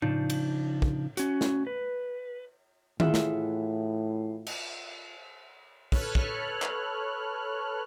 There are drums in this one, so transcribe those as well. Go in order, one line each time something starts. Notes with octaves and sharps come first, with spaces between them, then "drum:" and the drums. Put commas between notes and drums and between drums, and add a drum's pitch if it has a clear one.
C#3 F3 D4 D#4, drum: tom A2
drum: cymbal
drum: kick
C#4 F#4, drum: hi-hat
drum: snare
B4
A2 E3 F4 G#4 E5 F#5, drum: tom D#3
drum: snare
drum: cymbal
A4 B4 C#5 F6 F#6, drum: kick
drum: kick
drum: clap